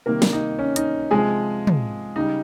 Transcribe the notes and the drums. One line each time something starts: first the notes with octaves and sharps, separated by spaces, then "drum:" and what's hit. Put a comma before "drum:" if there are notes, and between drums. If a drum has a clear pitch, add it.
C3 D#3 G3 A#3 A#4
drum: snare
D#4
C#4
D#4, drum: hi-hat
C3 F3 G#3 G#4
drum: tom
C#3 G3 D#4